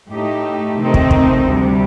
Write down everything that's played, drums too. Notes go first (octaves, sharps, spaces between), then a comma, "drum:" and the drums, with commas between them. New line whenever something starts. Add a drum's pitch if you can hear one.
A2 A3 D#4 G4
C3 D#3 A3 C4 D#4
drum: kick
drum: kick
D2 C3 G3